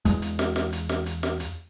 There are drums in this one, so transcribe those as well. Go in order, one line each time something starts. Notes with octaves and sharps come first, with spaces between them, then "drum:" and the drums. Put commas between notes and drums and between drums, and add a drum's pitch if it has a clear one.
E2 G#3, drum: hi-hat
drum: hi-hat
drum: snare
drum: snare
drum: hi-hat
drum: snare
drum: hi-hat
drum: snare
drum: hi-hat